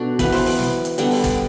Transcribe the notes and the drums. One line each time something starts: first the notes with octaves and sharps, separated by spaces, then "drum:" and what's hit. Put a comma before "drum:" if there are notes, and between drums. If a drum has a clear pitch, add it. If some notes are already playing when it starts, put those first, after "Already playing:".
Already playing: B2 D4 F#4 A4
E3 B3 B4, drum: kick, hi-hat
C5, drum: open hi-hat
B4, drum: open hi-hat
drum: snare
drum: hi-hat
D3 G3 B3, drum: hi-hat
drum: open hi-hat
drum: kick, hi-hat